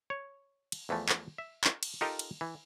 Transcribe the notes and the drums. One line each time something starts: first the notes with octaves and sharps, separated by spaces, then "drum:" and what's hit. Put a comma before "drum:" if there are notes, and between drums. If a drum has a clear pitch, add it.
C#5
drum: cymbal
E2 E3 F3 A3
drum: clap
E5
drum: clap
drum: cymbal
D#4 F4 G4 A4 A#4 D#5
drum: cymbal
E3